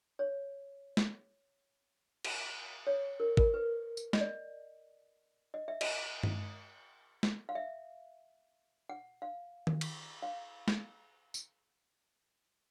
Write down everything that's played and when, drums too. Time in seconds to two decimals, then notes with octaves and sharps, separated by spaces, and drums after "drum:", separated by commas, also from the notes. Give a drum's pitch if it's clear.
0.19 C#5
0.97 drum: snare
2.24 drum: cymbal
2.87 C#5
3.20 A#4
3.37 A#4, drum: kick
3.54 B4
3.97 drum: tambourine
4.13 D#5, drum: snare
4.21 D5
5.54 D#5
5.68 E5
5.81 D#5, drum: cymbal
6.23 drum: tom G2
7.23 drum: snare
7.49 F5
7.55 E5
8.89 F#5
9.22 F5
9.67 drum: tom D#3
9.81 drum: cymbal
10.22 F5
10.68 drum: snare
11.34 drum: tambourine